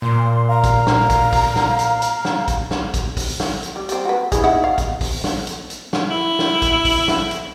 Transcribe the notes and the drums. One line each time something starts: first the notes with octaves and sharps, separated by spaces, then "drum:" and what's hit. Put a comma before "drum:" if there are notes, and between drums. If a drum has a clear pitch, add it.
A#2 C6
F5 A#5
drum: kick, hi-hat
drum: snare
drum: kick, hi-hat
drum: kick, open hi-hat
drum: snare
drum: hi-hat
drum: hi-hat
drum: snare
drum: kick, hi-hat
drum: snare
drum: kick, hi-hat
drum: kick, open hi-hat
drum: snare
drum: hi-hat
G3
G3 C4, drum: hi-hat
F#4 B4
E4 G#4, drum: kick, hi-hat
D#4 E4 F#5
F5
drum: kick, hi-hat
drum: kick, open hi-hat
drum: snare
drum: hi-hat
drum: hi-hat
drum: snare
E4
drum: snare
drum: kick, hi-hat
drum: kick, open hi-hat
drum: snare
drum: hi-hat